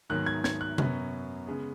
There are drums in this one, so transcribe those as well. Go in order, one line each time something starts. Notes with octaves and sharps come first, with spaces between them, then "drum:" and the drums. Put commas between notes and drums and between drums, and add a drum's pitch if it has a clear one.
G#2 D#3 F#3 B3 F#6
G#6
G#6, drum: snare
F#6
F#2 F#3 B3, drum: tom C3
C#3 G#3 B3